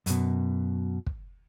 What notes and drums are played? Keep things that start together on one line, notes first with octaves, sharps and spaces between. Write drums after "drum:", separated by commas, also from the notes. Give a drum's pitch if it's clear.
F#2 B2, drum: hi-hat
drum: kick